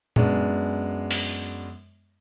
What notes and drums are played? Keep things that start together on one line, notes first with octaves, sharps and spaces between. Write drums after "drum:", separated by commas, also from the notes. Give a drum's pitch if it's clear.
F#2 G#3 B3 D4, drum: tom
drum: open hi-hat